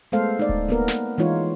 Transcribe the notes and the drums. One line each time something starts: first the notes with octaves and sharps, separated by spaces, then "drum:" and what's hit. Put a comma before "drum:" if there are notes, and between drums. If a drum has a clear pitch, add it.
G#3 A3 B3 A4 C5 F5
D#4 D5
drum: kick D1
A#3 B3 A#4
drum: snare
E3 G#3 D#4 F4 C#5